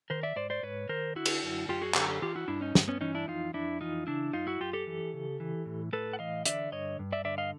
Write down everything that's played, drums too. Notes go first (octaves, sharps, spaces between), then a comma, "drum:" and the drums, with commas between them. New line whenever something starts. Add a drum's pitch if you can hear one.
D#3 A#4 C5
D5 E5
G#2 C5 D5
C5 D5
G#2 B4 C#5
D#3 A#4 C5
D3 E4 F#4
drum: cymbal
F#2
F#2 F4 G4
F#4 G#4
D3 G4 A4, drum: clap
G4 A4
E3 F4 G4
E4 F#4
G2 D4 E4
C#4 D#4
G2, drum: snare
B3 C#4
E3 C#4 D#4
D4 E4
F2 D#4 F4
F2 D4 E4
E3 D#4 F4
C#3 D4 E4
F#2 D#4 F4
E4 F#4
F#2 F4 G4
G4 A4
E3
C#3
E3
A2
A2 A4 B4
F#5
E3 D#5 F5
D3 D5 E5, drum: hi-hat
G2 C#5 D#5
G2
D5 E5
D3 D5 E5
D#5 F5